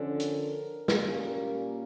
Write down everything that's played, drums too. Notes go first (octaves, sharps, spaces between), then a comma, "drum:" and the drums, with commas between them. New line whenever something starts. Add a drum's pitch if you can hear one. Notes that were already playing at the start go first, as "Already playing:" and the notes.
Already playing: D3 F3 C#4
A#4, drum: hi-hat
A#2 G3 A#3 C#4, drum: snare